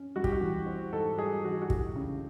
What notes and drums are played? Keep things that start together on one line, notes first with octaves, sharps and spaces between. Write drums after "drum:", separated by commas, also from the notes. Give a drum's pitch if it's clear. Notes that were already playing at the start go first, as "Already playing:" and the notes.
Already playing: C#4
G3 F#4
G4, drum: kick
F#4
E3
C4
G#2 A4
G3 G#4
E3 F#4
F#4
A3 G4, drum: kick
C#3